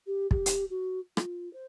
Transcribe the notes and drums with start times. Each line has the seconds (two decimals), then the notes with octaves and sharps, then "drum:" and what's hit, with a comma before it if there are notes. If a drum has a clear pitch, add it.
0.07 G4
0.31 G4, drum: kick
0.46 drum: hi-hat
0.70 F#4
1.17 F4, drum: rim click
1.53 C5